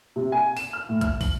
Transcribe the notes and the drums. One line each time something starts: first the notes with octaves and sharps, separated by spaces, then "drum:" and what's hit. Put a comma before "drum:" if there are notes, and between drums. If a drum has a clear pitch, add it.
C3
G#5
E7, drum: open hi-hat
F6
A2
F6, drum: kick, hi-hat
F#7, drum: kick, open hi-hat